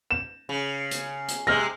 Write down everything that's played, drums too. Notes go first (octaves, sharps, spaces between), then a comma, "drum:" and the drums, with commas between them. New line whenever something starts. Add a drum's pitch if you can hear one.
E7
C#3
drum: hi-hat
drum: hi-hat
C3 G#3 F6 A#6